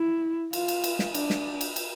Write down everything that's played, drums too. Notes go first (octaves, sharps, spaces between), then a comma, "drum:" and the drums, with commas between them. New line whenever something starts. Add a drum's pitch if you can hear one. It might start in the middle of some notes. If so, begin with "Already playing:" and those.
Already playing: E4
F4, drum: cymbal
drum: cymbal
drum: cymbal
drum: snare
D4, drum: cymbal
drum: snare
drum: cymbal
drum: cymbal